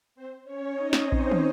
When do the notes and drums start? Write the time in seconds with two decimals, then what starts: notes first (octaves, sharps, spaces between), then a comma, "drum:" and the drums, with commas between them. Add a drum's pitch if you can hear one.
0.15 C4 C5
0.44 C#4 C#5
0.73 D#4 D#5
0.93 drum: snare
1.02 C4 C5
1.12 drum: kick A#1
1.31 drum: tom